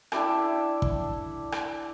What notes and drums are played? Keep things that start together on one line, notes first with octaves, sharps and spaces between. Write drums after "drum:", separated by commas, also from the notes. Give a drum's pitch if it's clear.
D4 E4 G4 A4, drum: rim click
drum: kick
drum: rim click